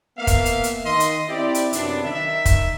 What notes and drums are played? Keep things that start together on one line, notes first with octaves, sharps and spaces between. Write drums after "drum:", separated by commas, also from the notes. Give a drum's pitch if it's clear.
A#3 B3 E5 F5
drum: kick, hi-hat
drum: hi-hat
drum: hi-hat
D#3 D#5 C6
drum: hi-hat
C4 E4 G4 D5
drum: hi-hat
F#2 C3 B3 D4, drum: hi-hat
D#3 E5
drum: kick, hi-hat